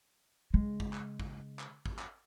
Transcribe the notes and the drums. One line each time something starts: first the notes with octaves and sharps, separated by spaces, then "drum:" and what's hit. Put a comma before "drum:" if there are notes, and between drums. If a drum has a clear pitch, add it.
C#3 G#3
drum: kick
drum: clap
drum: kick
drum: clap
drum: kick
drum: clap